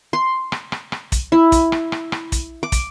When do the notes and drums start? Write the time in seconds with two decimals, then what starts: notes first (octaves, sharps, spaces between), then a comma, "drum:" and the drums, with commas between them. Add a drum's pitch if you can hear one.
0.13 C6
0.52 drum: rim click
0.72 drum: rim click
0.92 drum: rim click
1.12 drum: kick, hi-hat
1.32 E4
1.52 drum: kick, hi-hat
1.72 drum: rim click
1.92 drum: rim click
2.12 drum: rim click
2.32 drum: kick, hi-hat
2.63 D6
2.72 drum: kick, hi-hat